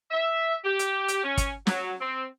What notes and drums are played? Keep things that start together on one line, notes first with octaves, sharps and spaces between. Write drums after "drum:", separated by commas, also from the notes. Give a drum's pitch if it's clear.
E5
G4
drum: hi-hat
drum: hi-hat
C#4
drum: kick, hi-hat
F#3, drum: snare
C4